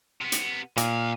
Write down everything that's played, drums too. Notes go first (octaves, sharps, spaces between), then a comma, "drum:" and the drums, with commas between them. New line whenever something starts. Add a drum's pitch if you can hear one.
C3 B3
drum: hi-hat
A#2 D#5 F5, drum: hi-hat